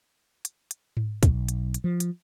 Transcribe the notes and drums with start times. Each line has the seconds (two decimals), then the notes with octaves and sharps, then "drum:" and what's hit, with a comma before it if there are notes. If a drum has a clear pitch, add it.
0.45 drum: hi-hat
0.71 drum: hi-hat
0.97 drum: tom G#2
1.23 B1, drum: kick, hi-hat
1.49 drum: hi-hat
1.74 drum: hi-hat
1.84 F3
2.00 drum: hi-hat